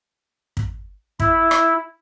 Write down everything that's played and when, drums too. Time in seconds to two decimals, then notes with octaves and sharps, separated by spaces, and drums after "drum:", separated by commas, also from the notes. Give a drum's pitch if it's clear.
0.57 drum: kick
1.20 E4, drum: kick
1.51 drum: rim click